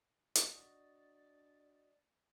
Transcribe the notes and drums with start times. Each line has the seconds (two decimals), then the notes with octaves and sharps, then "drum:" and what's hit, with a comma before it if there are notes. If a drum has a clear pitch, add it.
0.35 drum: hi-hat
0.48 D4 F#4 D5 D#5